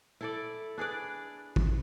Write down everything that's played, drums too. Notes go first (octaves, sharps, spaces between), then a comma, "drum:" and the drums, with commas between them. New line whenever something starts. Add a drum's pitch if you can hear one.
E4 A4 D5
D4 G#4 B4 D5
drum: kick